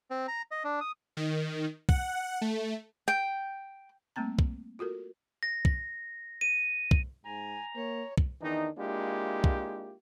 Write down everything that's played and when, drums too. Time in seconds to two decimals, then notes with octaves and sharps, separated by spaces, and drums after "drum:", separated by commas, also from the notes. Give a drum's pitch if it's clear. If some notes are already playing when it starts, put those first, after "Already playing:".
0.11 C4
0.28 A#5
0.51 D#5
0.64 D4
0.81 D#6
1.17 D#3
1.89 F#5, drum: kick
2.41 A3
3.08 G5
4.16 G3 A3 A#3 C4 A#5
4.39 drum: kick
4.79 F4 F#4 A4 A#4
5.43 A#6
5.65 drum: kick
6.41 D#7
6.91 drum: kick
7.25 G#2 G#5 A#5
7.76 A#3 C#5
8.18 drum: kick
8.41 E2 D#3 E3 D4 D#4
8.78 G#3 A#3 D4 E4 F4 G4
9.44 drum: kick